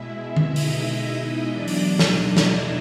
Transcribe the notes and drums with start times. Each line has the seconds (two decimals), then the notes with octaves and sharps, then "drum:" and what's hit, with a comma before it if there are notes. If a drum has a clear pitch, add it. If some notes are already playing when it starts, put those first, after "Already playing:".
Already playing: B2 G#3 E4 E5
0.37 drum: tom D3
0.56 D#4 D#5, drum: open hi-hat
1.51 E2 B2 F#3 D4 D5
1.68 drum: open hi-hat
1.99 D#4 D#5, drum: snare
2.37 drum: snare
2.47 E4 E5